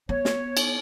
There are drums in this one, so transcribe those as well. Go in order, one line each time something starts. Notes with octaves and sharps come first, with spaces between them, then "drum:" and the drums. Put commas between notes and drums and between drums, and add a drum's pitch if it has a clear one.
B3 C#5
drum: snare
drum: cymbal